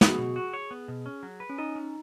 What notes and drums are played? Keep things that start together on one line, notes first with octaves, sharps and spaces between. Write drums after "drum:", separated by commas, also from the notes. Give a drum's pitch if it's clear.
B3 G#4, drum: snare
F#4
B2 G#4
F#4
C#5
B3
B2
C#4
F#3
B4
C#4
D#4 D#5
C#4